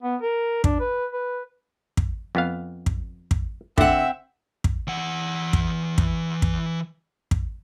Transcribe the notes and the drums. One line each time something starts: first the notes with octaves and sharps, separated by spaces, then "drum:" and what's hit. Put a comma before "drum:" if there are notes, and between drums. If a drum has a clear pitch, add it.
B3
A#4
D4, drum: kick
B4
B4
drum: kick
F2 B3 F5
drum: kick
drum: kick
D3 C4 E5 F#5, drum: kick
drum: kick
E3 F#5
drum: kick
drum: kick
drum: kick
drum: kick